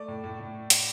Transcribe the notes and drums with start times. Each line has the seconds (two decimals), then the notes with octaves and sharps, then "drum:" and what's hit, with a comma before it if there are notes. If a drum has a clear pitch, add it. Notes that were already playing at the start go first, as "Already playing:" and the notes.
Already playing: A3 D5
0.08 A2
0.24 A2
0.39 A2
0.70 drum: hi-hat